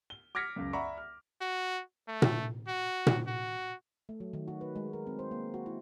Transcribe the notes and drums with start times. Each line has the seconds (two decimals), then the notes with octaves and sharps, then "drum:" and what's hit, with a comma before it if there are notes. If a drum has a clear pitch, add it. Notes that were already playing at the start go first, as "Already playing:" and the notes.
0.10 G7
0.35 D6 F6 G#6 A#6 B6 C#7
0.56 C#2 F#2
0.73 D5 E5 F#5 A#5 B5 C#6
0.97 F6
1.41 F#4
2.08 A3
2.22 drum: tom A#2
2.68 F#4
3.07 drum: tom A#2
3.27 F#4
4.09 A3
4.20 F#3
4.33 D#3
4.48 F#4
4.61 B4
4.76 G#3
4.93 A#4
5.07 C4
5.19 C5
5.31 A#3
5.54 F#4
5.66 E4